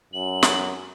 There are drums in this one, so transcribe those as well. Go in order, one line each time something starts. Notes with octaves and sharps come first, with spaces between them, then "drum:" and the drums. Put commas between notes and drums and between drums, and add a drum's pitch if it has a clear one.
F#2 F#7
drum: snare